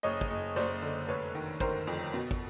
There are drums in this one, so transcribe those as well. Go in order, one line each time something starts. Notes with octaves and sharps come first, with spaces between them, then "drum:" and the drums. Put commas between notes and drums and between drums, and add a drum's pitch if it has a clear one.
F#1 C#5 D#5
drum: kick
F#1
F#1 C5 D5, drum: snare
D3
F1 B4 C#5
D#3
D#3 A#4 C5, drum: kick
F2
B2
drum: kick